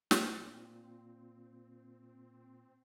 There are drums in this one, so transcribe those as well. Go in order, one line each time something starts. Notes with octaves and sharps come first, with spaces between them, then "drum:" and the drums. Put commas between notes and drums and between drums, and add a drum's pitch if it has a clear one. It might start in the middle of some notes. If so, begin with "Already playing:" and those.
A#2 C4, drum: snare